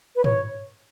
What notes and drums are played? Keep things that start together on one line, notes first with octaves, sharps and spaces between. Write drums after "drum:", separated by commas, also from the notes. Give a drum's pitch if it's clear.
B4
C#5, drum: tom